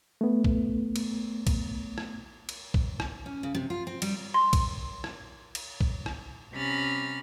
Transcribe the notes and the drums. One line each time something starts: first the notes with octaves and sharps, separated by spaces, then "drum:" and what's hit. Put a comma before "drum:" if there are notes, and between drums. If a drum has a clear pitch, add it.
A3 B3
drum: kick A#1
drum: cymbal
drum: kick A#1, cymbal
drum: rim click
drum: cymbal
drum: kick A#1
drum: rim click
C#4
C#3
C3
F4
C4
G3, drum: cymbal
C6
drum: kick A#1, cymbal
drum: rim click
drum: cymbal
drum: kick A#1
drum: rim click
C3 C#4 A#5 B5 F6 A6